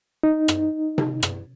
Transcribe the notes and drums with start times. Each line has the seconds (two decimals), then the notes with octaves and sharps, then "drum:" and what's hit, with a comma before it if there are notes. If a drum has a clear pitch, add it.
0.23 D#4
0.48 drum: rim click
0.98 drum: tom C3
1.23 drum: rim click